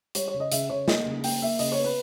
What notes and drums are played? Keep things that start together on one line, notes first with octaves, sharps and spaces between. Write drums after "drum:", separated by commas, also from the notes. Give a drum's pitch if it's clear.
G3 C#5, drum: hi-hat
C#5
C#3
D#5
C#3 E5, drum: hi-hat
C#3 C#5
A#3 D#5, drum: snare
C#3
A#3 G5, drum: open hi-hat
A#3 E5
C#3 D#5, drum: open hi-hat
C#5
B3
B4